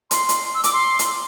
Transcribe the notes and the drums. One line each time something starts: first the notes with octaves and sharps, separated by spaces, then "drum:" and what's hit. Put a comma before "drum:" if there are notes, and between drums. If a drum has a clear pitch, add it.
C6, drum: hi-hat
drum: hi-hat
E6
D6, drum: hi-hat
C6
drum: hi-hat